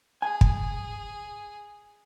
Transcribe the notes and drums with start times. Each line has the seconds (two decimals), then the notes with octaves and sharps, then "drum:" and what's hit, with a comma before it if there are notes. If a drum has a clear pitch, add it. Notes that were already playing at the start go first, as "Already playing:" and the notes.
0.22 G#4 G#5
0.41 drum: kick